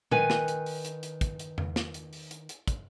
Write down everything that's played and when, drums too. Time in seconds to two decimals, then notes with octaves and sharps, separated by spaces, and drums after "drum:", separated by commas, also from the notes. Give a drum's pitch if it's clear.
0.11 D#3 B4 G#5, drum: tom A#2
0.30 drum: snare
0.48 drum: hi-hat
0.66 drum: open hi-hat
0.85 drum: hi-hat
1.03 drum: hi-hat
1.21 drum: kick, hi-hat
1.39 drum: hi-hat
1.58 drum: tom E2
1.76 drum: snare
1.94 drum: hi-hat
2.13 drum: open hi-hat
2.31 drum: hi-hat
2.49 drum: hi-hat
2.68 drum: kick, hi-hat